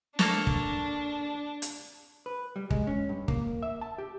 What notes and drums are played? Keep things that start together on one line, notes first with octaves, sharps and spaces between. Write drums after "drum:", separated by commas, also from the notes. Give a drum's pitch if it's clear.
A#3 D4 A4 A5 A#5 C#6, drum: snare
drum: kick
drum: hi-hat
B4
G3
G#3, drum: kick
C#4
G2
A#3, drum: kick
E5
A5
G4